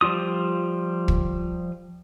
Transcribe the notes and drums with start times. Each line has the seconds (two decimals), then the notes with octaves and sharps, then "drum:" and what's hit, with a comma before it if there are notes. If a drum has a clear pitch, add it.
0.01 F3 G3 F4 D#6
1.08 drum: kick